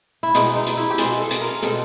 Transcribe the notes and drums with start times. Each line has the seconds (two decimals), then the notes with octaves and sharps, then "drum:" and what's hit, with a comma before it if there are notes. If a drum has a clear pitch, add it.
0.23 E4
0.35 B2 G#3 C4 D#4, drum: hi-hat
0.56 D#4
0.67 drum: hi-hat
0.77 E4
0.90 G4
0.98 B2 G#3 C4 G#4, drum: hi-hat
1.20 A4
1.31 drum: hi-hat
1.41 A#4
1.63 B2 G#3 C4 A4, drum: hi-hat